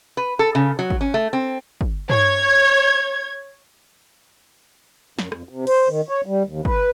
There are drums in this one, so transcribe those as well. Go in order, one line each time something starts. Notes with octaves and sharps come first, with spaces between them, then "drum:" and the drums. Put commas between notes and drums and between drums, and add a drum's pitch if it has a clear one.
B4
A4
C#3
F#3
drum: kick
C#4
A3
C4
drum: kick
C#5 G#6, drum: tom
F#2, drum: snare
F2, drum: rim click
C3
C5, drum: cymbal
D#3
C#5
G3
D#2
B4, drum: kick